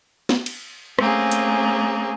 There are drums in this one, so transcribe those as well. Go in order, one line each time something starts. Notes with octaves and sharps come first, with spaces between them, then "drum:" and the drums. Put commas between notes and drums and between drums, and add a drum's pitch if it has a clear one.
drum: snare
drum: cymbal
A3 A#3 C4 C#4 G#4, drum: rim click
drum: hi-hat